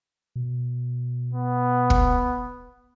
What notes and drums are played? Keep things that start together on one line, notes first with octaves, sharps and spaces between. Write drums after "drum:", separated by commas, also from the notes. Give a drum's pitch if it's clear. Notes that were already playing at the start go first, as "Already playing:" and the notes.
B2
B3
drum: kick